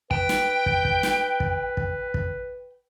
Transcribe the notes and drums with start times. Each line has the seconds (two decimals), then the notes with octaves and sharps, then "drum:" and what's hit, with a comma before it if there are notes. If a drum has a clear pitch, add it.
0.11 B4 G5, drum: kick
0.29 drum: snare
0.66 drum: kick
0.85 drum: kick
1.03 drum: snare
1.40 drum: kick
1.77 drum: kick
2.14 drum: kick